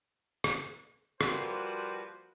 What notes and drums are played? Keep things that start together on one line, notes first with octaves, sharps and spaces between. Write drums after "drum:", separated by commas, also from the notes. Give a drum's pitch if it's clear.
drum: rim click
F3 G3 A#3 F#4 B4 C5, drum: rim click